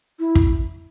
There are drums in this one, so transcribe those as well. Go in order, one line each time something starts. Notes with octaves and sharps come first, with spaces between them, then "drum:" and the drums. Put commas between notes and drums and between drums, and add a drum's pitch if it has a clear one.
E4
drum: kick